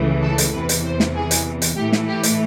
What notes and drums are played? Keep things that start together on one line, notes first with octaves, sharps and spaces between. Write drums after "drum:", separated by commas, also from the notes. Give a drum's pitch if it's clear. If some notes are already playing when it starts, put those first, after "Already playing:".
Already playing: C#2 C#3 E3 A3
A4
drum: hi-hat
E2 C3 E3 B4
drum: hi-hat
C5
drum: snare
G#4
drum: hi-hat
drum: hi-hat
A2 E3 A3 G4
drum: snare
G4
drum: hi-hat